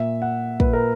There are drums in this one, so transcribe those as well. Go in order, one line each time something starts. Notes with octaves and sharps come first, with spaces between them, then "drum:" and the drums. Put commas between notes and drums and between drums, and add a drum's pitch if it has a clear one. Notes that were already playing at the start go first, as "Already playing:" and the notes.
Already playing: A#2 E5
F#5
A#2 B4, drum: kick
A#4